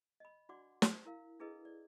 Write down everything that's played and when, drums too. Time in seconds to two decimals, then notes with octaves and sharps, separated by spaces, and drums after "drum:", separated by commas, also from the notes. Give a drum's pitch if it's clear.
0.20 D#5 B5
0.49 D4 F#4 D5 F#5 C6 D6
0.82 drum: snare
1.05 E4 A#4 F5
1.39 D4 E4 G#4 A4 B4 D#5
1.65 D5